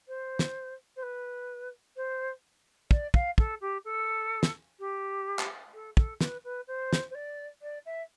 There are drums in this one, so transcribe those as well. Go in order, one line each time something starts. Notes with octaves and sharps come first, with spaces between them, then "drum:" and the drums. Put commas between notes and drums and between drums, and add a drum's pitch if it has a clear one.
C5
drum: snare
C5
B4
C5
D5, drum: kick
F5, drum: kick
A4, drum: kick
G4
A4
drum: snare
G4
drum: clap
A4
A4, drum: kick
B4, drum: snare
B4
C5
drum: snare
C5
D5
D5
E5